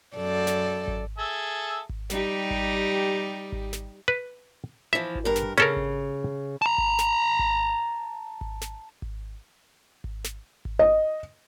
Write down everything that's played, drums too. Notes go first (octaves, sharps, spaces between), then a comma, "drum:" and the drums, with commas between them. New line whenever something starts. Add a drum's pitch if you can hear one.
F#2 A4 D5
drum: snare
drum: kick G#1
G#4 A4 E5
drum: kick G#1
G3 D#4 G4, drum: snare
drum: kick G#1
drum: kick G#1
drum: snare
B4
E3 F3 E5
drum: kick G#1
G2 A#4
drum: snare
C#3 C#4 A4 A#4
drum: kick G#1
A5 A#5
drum: kick G#1
drum: snare
drum: kick G#1
drum: kick G#1
drum: snare
drum: kick G#1
drum: kick G#1
drum: snare
drum: kick G#1
D#5